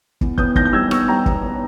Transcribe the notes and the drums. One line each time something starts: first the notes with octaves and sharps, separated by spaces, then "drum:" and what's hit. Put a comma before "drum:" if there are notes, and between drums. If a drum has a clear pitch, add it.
E2, drum: kick
B3 D#6 G6, drum: kick
D#3 G6 A#6, drum: kick
G6
G3 E6 G#6
B3 C#6 E6, drum: rim click
G3 G5 A#5
B3, drum: kick
B3